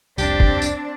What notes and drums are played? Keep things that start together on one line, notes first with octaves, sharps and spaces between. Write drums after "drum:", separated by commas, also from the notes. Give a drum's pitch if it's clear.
F1 C2 C4 D4 G4, drum: tambourine
drum: kick
drum: tambourine